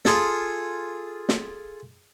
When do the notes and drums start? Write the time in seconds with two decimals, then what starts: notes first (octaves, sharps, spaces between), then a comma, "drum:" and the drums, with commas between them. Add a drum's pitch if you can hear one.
0.05 F4 G#4 A4, drum: snare
1.29 drum: snare